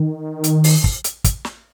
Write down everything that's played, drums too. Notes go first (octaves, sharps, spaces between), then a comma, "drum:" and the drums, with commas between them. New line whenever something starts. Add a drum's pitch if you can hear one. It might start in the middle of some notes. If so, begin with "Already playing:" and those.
Already playing: D#3
drum: hi-hat
drum: open hi-hat
drum: kick
drum: hi-hat
drum: kick, hi-hat
drum: snare